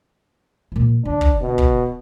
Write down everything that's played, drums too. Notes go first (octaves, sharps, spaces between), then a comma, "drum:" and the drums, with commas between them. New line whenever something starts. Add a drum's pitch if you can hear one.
A#2 F3
D3 D4
drum: kick
B2
drum: kick